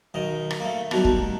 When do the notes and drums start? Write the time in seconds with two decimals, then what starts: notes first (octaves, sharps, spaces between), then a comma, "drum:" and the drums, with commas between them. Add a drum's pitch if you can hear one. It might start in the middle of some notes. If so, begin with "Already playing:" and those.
0.14 B1 D#3 D#5
0.51 drum: rim click
0.60 A3 A#3
0.91 D#3 F#3 G3 B3 F#4 A5, drum: rim click
1.05 drum: kick
1.16 A3